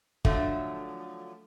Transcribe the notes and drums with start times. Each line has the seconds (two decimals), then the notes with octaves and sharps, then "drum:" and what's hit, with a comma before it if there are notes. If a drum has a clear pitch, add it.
0.25 D3 F3 F#3 A3, drum: kick G1